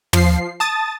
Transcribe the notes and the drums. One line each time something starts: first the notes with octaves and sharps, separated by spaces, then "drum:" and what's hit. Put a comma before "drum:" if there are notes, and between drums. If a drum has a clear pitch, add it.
F3 C7, drum: tom
A5 D#6 A6